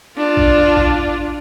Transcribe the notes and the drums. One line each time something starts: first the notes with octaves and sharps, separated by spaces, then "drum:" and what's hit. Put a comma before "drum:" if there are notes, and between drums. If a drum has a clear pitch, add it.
D4 F4
drum: kick A1
drum: kick A1